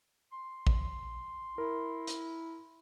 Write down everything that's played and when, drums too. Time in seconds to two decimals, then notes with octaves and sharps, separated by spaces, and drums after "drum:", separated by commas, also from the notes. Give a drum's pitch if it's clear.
0.32 C6
0.67 drum: kick A1
1.58 E4 A#4
2.07 drum: hi-hat